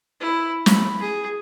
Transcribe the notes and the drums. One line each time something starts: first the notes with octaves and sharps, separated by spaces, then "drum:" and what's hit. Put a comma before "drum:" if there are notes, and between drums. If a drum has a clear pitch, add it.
E4
B5, drum: snare
G#4